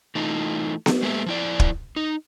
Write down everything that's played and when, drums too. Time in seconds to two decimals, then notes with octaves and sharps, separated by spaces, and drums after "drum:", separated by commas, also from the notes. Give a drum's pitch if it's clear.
0.15 E3 A3 D#4 F4
0.86 drum: snare B3
1.02 G#3 A#3 G4 A4 E5
1.26 F3 E4 D5
1.60 drum: kick
1.96 D#4